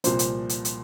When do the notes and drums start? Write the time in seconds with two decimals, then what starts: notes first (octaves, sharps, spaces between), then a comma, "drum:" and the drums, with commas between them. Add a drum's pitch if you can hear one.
0.04 C2 A#2 F3 C5, drum: hi-hat
0.19 drum: hi-hat
0.49 drum: hi-hat
0.65 drum: hi-hat